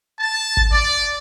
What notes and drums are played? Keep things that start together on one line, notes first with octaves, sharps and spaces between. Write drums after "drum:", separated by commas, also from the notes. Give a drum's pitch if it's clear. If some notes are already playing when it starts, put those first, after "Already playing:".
A5
drum: kick G1
D5